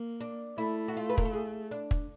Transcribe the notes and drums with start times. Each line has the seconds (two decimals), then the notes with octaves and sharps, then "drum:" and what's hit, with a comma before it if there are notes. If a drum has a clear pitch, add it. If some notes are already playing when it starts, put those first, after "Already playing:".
Already playing: A#3
0.21 D4
0.58 A3 E4
0.88 F#4
0.97 F4
1.10 B4
1.18 A#4, drum: kick
1.25 A4
1.33 G#4
1.71 D4
1.91 drum: kick